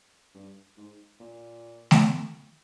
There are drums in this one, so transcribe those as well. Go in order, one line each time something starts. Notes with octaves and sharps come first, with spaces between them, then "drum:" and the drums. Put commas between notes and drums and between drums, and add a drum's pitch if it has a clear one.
G2
G#2
A#2
drum: snare A3